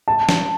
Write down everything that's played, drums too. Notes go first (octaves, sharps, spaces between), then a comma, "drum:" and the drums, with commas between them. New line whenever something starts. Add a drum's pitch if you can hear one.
A5
drum: snare